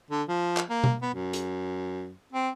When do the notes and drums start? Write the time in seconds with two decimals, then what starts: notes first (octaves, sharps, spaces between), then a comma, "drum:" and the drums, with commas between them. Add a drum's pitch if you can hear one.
0.11 D3
0.28 F3
0.57 drum: clap
0.70 A#3
0.84 drum: tom B2
1.02 B3
1.14 F#2
1.33 drum: hi-hat
2.32 C4